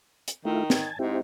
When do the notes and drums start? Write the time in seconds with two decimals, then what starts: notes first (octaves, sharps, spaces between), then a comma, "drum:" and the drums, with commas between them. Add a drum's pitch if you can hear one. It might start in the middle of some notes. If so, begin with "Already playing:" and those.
0.28 drum: hi-hat
0.45 D#3 A3 E4 F4
0.70 G#5 A5, drum: snare
0.99 G#2 C4 E4 G4